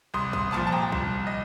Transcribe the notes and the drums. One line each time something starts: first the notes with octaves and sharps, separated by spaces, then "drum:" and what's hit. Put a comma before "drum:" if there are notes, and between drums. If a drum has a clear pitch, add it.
C2 C6 D#6
C6 D#6, drum: kick
A#2 F3 A5 C6, drum: clap
A5
G5 A#5
C2, drum: kick
D#5